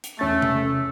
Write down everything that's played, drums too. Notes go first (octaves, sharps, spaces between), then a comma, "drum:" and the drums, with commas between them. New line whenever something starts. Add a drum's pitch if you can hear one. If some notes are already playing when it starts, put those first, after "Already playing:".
drum: hi-hat
E2 A3 C#4 A6
drum: tom C3